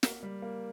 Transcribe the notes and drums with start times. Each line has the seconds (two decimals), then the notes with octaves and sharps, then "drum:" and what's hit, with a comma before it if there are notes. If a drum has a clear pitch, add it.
0.03 A#3, drum: snare
0.23 G3
0.42 A#3